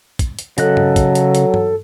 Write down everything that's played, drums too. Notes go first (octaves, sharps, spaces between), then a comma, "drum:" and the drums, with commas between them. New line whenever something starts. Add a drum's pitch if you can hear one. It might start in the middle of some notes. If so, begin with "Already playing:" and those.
drum: kick, hi-hat
drum: hi-hat
C#3 F#3 A4 D#5 F#6, drum: hi-hat
drum: tom G2
drum: kick, hi-hat
drum: hi-hat
drum: hi-hat
drum: tom G2